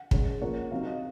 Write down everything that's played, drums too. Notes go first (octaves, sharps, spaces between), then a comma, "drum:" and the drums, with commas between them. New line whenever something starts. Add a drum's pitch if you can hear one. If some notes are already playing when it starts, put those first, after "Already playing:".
Already playing: F#5
C#3 G#3 C#4, drum: kick
A#2 F3 A#3 C#4 F#5
C3 F#3 C4 D#4 F5
D#5